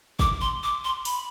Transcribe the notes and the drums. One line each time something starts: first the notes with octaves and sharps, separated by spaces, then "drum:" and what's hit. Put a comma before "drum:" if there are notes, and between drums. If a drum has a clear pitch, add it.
D6, drum: kick
C6
D6
C6
B5, drum: open hi-hat